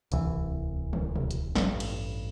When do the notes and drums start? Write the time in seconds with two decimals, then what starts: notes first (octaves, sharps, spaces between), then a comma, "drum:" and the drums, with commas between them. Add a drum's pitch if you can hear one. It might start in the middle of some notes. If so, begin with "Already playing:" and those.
0.12 D1 C2 E3, drum: hi-hat
0.93 drum: tom
1.16 drum: tom B2
1.31 drum: hi-hat
1.55 A1 G2, drum: snare
1.80 drum: cymbal